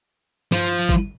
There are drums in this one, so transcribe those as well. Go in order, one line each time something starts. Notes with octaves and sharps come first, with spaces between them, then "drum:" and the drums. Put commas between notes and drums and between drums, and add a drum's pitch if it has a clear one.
F3, drum: tom G2
drum: kick